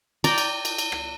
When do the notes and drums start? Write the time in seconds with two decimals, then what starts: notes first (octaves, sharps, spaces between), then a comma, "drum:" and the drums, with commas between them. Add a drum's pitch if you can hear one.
0.24 D5 G5 A#5, drum: cymbal
0.38 drum: cymbal
0.65 drum: cymbal
0.78 drum: cymbal
0.92 drum: rim click